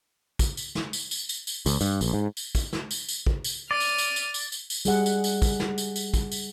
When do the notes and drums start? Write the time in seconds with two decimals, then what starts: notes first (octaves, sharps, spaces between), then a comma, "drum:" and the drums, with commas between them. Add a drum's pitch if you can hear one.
0.39 drum: kick, tambourine
0.57 drum: tambourine
0.75 drum: snare
0.93 drum: tambourine
1.11 drum: tambourine
1.29 drum: tambourine
1.47 drum: tambourine
1.66 C#2, drum: tambourine
1.81 G2, drum: tambourine
2.01 A#1, drum: tambourine
2.14 G#2
2.37 drum: tambourine
2.55 drum: kick, tambourine
2.73 drum: snare
2.91 drum: tambourine
3.09 drum: tambourine
3.26 drum: kick
3.44 drum: tambourine
3.71 D5 D6 F6 D#7
3.80 drum: tambourine
3.98 drum: tambourine
4.16 drum: tambourine
4.34 drum: tambourine
4.52 drum: tambourine
4.70 drum: tambourine
4.85 G3 G#4 F#5, drum: tambourine
5.06 drum: tambourine
5.24 drum: tambourine
5.42 drum: kick, tambourine
5.60 drum: snare
5.78 drum: tambourine
5.96 drum: tambourine
6.14 drum: kick, tambourine
6.32 drum: tambourine